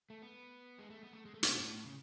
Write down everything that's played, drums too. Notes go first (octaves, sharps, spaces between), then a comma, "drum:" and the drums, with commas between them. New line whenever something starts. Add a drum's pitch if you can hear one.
A3
B3
G#3
A3
B3
A3
G#3
A3
G#3, drum: hi-hat
B2
A2
C#3